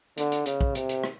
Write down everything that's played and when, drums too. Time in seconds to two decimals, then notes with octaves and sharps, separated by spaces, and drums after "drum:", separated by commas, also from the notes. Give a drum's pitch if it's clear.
0.18 D3, drum: hi-hat
0.32 drum: hi-hat
0.46 C#3, drum: hi-hat
0.61 drum: kick
0.75 C3, drum: hi-hat
0.89 drum: hi-hat
1.04 drum: rim click